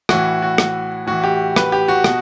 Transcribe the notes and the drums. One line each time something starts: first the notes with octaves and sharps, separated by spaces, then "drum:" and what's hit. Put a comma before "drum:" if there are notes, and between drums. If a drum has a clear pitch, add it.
A2 E3 F#4, drum: rim click
F#4
drum: rim click
A2 E3 F#4
G4
B4, drum: rim click
G4
F#4
B2, drum: rim click